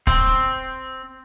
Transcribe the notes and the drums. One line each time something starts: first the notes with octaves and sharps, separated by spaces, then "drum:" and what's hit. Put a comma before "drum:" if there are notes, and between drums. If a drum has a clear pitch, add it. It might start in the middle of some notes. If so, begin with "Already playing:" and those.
C4, drum: kick